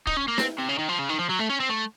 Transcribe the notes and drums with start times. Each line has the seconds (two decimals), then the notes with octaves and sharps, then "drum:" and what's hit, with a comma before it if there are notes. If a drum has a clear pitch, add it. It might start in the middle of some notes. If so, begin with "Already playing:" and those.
0.07 D#4, drum: kick D1
0.17 C#4
0.28 A#3
0.38 C4, drum: snare
0.58 C3
0.69 C#3
0.78 D#3
0.88 F3
0.99 C#3
1.09 D#3
1.19 F3
1.29 F#3
1.39 A3
1.49 C#4
1.60 C4
1.69 A3